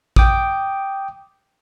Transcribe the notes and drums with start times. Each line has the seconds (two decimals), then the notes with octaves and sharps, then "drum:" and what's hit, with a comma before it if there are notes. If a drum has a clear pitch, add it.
0.16 G5 D6 D#6, drum: kick A1